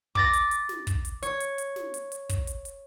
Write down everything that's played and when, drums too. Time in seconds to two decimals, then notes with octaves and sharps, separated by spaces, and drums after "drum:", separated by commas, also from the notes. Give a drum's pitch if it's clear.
0.15 D6 A6 A#6, drum: kick
0.33 drum: hi-hat
0.51 drum: hi-hat
0.69 drum: snare
0.87 drum: kick, hi-hat
1.05 drum: hi-hat
1.22 C#5, drum: hi-hat
1.40 drum: hi-hat
1.58 drum: hi-hat
1.76 drum: snare
1.94 drum: hi-hat
2.12 drum: hi-hat
2.29 drum: kick, hi-hat
2.47 drum: hi-hat
2.65 drum: hi-hat